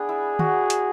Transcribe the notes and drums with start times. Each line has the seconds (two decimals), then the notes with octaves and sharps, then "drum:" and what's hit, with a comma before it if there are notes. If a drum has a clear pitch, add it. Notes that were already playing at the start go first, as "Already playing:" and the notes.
Already playing: B3 D4 G#4
0.09 E4
0.39 F#4, drum: tom
0.70 drum: hi-hat